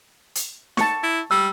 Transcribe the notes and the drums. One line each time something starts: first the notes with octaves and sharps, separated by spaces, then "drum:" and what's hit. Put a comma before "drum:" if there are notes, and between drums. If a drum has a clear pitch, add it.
drum: hi-hat
A5 C#6, drum: snare
E4
G3 E6